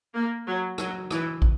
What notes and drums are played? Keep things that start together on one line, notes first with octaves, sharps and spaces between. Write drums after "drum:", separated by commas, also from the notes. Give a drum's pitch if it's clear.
A#3
F#3
F#3, drum: rim click
E3, drum: rim click
drum: kick